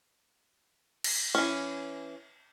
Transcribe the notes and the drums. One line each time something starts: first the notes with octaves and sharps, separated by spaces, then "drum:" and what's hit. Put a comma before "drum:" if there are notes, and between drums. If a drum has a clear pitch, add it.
drum: cymbal
E3 C#4